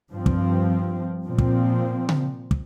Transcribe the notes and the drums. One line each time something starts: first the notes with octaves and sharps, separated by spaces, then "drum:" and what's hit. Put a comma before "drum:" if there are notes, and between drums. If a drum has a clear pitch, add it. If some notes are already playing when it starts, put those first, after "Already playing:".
G2 F3 C4
drum: kick
A#2 F3 C4
drum: kick
drum: tom C#3
drum: kick